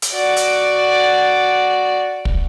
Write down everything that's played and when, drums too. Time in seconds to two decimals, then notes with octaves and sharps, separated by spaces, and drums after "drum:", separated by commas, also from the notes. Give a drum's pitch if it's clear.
0.02 drum: hi-hat
0.14 F#4 D5
0.36 drum: hi-hat
2.25 drum: kick